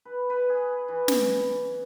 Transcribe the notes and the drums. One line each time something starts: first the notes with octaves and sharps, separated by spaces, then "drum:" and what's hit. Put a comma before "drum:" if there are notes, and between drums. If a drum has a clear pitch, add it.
B4
B4
G#4
E3
drum: snare